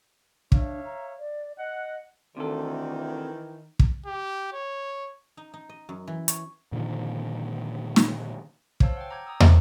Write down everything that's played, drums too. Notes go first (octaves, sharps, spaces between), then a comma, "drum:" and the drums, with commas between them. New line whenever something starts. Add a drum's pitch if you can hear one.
D4 C#5 E5 F5, drum: kick
A#5
D5
D#5 F#5
D2 C3 D#3 E3 A4
drum: kick
G4
C#5
D#4
D#4
D#5
F#2
E3
C#5, drum: hi-hat
A#2 D3 D#3 F3
drum: snare
C5 C#5 F5 A5 E6, drum: kick
F#5 G5
A#5 D6 G6 G#6
A#5 D#6 E6
C4 A#4 C5, drum: tom